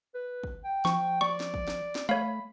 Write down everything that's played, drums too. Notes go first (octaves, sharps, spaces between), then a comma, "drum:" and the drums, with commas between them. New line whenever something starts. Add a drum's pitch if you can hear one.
B4
drum: kick
G5
F3 C#6, drum: snare
D5 C#6
drum: snare
drum: kick
drum: snare
drum: snare
A3 C#5 F5 B5